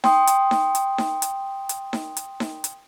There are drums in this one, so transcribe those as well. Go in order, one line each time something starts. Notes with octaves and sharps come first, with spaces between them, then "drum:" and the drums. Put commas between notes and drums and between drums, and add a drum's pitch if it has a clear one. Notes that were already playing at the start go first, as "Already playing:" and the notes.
G5 C6 D#6, drum: snare D#4
drum: hi-hat
drum: snare D#4
drum: hi-hat
drum: snare D#4
drum: hi-hat
drum: hi-hat
drum: snare D#4
drum: hi-hat
drum: snare D#4
drum: hi-hat